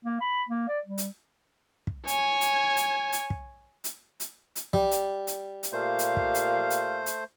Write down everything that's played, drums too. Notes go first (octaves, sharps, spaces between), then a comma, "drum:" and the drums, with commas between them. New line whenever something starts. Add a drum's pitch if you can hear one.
A#3
B5
A#3
D5
G3
drum: hi-hat
drum: kick
C#5 G#5, drum: hi-hat
drum: hi-hat
drum: hi-hat
drum: hi-hat
drum: kick
drum: hi-hat
drum: hi-hat
drum: hi-hat
G3, drum: kick
drum: hi-hat
drum: hi-hat
drum: hi-hat
A#2 A3 G4 C5 F5
drum: hi-hat
drum: kick
drum: hi-hat
drum: hi-hat
drum: hi-hat